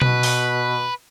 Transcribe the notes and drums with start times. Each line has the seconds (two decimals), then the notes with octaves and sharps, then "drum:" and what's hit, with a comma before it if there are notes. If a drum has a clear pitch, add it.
0.01 B2 B4, drum: tom B2
0.23 drum: open hi-hat